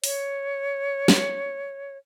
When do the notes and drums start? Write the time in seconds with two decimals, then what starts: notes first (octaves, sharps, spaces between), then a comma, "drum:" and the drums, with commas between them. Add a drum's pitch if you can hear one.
0.04 C#5, drum: open hi-hat
1.08 drum: snare